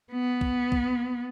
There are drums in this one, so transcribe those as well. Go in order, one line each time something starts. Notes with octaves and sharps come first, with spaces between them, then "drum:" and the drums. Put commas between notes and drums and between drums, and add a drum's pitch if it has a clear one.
B3
drum: kick
drum: kick